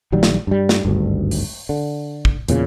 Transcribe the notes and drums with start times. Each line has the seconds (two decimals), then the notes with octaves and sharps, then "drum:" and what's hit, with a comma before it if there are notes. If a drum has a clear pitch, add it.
0.12 A#1 D#3 F#3 G3
0.23 drum: snare
0.47 G2 G3
0.69 drum: snare
0.85 G#1 D2 G2
1.31 drum: open hi-hat
1.69 D3
2.25 drum: kick
2.48 E2 A#2 C#3, drum: hi-hat